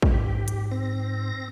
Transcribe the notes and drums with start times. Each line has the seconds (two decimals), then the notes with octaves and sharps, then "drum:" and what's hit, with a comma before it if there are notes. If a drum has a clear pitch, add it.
0.02 drum: kick
0.13 G#2 G4
0.48 drum: hi-hat
0.71 C4 A#6